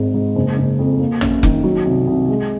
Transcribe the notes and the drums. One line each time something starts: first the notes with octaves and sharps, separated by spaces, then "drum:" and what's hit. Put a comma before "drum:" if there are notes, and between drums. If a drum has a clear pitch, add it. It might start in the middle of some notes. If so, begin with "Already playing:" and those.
Already playing: G#1 G#2
G#2
F#1
F#1
F2
A#3
F#2, drum: tom
D#3, drum: kick F1
F#3
C2
C2
G#3